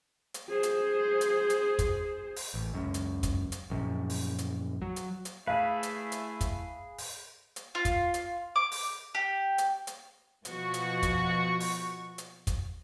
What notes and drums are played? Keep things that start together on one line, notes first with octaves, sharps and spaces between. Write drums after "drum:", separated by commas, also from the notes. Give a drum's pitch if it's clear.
drum: hi-hat
G#4 C5
drum: hi-hat
drum: hi-hat
drum: hi-hat
drum: kick, hi-hat
drum: open hi-hat
A1
C#2 F#2
drum: hi-hat
drum: kick, hi-hat
drum: hi-hat
A#1 F#2
drum: open hi-hat
drum: hi-hat
F#3
drum: hi-hat
drum: hi-hat
A3 E4 G#4 B4 F5
drum: hi-hat
drum: hi-hat
drum: kick, hi-hat
drum: open hi-hat
drum: hi-hat
F4
drum: kick, hi-hat
drum: hi-hat
D6
drum: open hi-hat
G4
drum: hi-hat
drum: hi-hat
B2 F3 F#4 C#6, drum: hi-hat
drum: hi-hat
drum: kick, hi-hat
drum: open hi-hat
drum: hi-hat
drum: kick, hi-hat